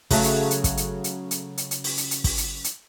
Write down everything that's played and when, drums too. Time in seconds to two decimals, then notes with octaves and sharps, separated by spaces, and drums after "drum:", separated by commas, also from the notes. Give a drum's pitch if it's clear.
0.11 C#3 F#3 A3, drum: kick, open hi-hat
0.24 drum: hi-hat
0.51 drum: hi-hat
0.64 drum: kick, hi-hat
0.77 drum: hi-hat
1.04 drum: hi-hat
1.31 drum: hi-hat
1.57 drum: hi-hat
1.71 drum: hi-hat
1.84 drum: open hi-hat
1.98 drum: hi-hat
2.11 drum: hi-hat
2.24 drum: kick, open hi-hat
2.38 drum: hi-hat
2.64 drum: hi-hat